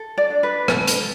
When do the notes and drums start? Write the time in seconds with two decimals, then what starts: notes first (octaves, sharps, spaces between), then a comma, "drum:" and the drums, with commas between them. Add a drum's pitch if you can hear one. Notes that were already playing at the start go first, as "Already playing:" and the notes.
Already playing: A4
0.18 D5
0.30 D4
0.43 B4
0.68 A4, drum: rim click
0.87 drum: hi-hat